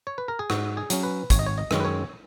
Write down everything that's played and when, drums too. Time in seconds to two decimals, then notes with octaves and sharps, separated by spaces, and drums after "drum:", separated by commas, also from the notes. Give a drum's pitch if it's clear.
0.07 C#5
0.18 B4
0.28 A#4
0.39 G#4
0.50 G#2 F#4, drum: rim click
0.77 G#4
0.90 F#3 C#4, drum: hi-hat
1.03 B4
1.30 G#1 C#5, drum: kick, hi-hat
1.39 D#5
1.46 C#5
1.58 D#5
1.71 F#2 D#3 G#3 C#4, drum: rim click
1.80 B4
1.85 C#5